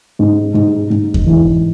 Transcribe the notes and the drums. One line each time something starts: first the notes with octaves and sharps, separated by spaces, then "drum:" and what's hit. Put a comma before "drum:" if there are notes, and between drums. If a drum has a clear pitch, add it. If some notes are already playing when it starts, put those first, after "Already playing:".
G#2
G#2
G#2
drum: kick E2
E3